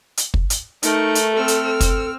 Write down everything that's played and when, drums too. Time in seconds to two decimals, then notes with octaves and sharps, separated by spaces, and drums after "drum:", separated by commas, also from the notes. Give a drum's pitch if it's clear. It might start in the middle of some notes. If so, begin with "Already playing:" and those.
0.17 drum: hi-hat
0.34 drum: kick
0.50 drum: hi-hat
0.83 A3 D#4 A#4 C#6, drum: hi-hat
1.15 drum: hi-hat
1.33 C4 A4 E6 F6
1.48 drum: hi-hat
1.80 drum: kick, hi-hat